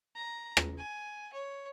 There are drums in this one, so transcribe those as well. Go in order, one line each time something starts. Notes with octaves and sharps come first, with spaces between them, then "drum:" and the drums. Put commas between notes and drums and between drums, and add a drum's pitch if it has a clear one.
A#5
drum: rim click
G#5
C#5